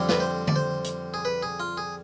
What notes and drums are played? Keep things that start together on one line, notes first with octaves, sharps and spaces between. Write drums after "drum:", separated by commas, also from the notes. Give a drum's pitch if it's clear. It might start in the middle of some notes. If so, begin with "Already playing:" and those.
Already playing: F2 D3 G3
B4, drum: snare
C5
D5, drum: tom D3
C5
drum: hi-hat
G#4
B4
G#4
F4
G#4